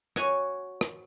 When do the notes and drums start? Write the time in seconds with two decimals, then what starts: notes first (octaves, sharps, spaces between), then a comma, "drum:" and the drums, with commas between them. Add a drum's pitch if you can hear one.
0.16 F#4 C#5 G#5, drum: rim click
0.81 drum: rim click